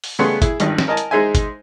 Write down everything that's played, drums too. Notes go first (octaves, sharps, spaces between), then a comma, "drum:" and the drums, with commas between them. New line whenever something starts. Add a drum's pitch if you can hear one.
drum: open hi-hat
C#3 G3 A3 B3 G#4 C6
E4 G#4, drum: kick G#1, hi-hat
G#1 G2 D#3 D#5, drum: hi-hat
drum: snare
A#4 D#5 G#5 A5
drum: hi-hat
G#3 D#4 G#4 C5 E5 G#5
drum: kick G#1, hi-hat